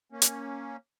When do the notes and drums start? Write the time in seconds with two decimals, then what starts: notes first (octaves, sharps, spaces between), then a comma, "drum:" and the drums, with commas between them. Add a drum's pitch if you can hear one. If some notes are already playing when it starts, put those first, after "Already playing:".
0.12 A#3 C#4
0.22 drum: hi-hat